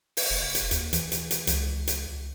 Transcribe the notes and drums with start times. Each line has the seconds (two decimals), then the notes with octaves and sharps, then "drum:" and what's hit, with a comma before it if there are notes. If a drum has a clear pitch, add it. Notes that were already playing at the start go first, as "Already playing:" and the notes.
0.17 drum: open hi-hat
0.30 F1
0.55 drum: hi-hat
0.71 D#2, drum: hi-hat
0.93 E3, drum: hi-hat
1.12 drum: hi-hat
1.31 drum: hi-hat
1.47 C#2, drum: hi-hat
1.87 drum: hi-hat